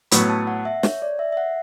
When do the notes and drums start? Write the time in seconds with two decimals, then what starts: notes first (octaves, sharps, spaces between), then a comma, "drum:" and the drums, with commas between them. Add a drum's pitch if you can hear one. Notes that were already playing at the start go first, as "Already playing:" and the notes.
0.11 A2 F#3 B3 B5, drum: hi-hat
0.30 A5
0.47 F#5
0.65 E5
0.83 C#5, drum: snare
1.02 D5
1.19 E5
1.32 E5
1.37 F#5